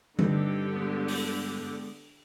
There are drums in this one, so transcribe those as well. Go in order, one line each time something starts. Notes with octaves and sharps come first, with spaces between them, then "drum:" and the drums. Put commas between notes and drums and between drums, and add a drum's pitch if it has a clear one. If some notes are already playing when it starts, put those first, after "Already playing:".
G2 D3 C4 D#4 G4, drum: tom D3
G#3 B3
drum: open hi-hat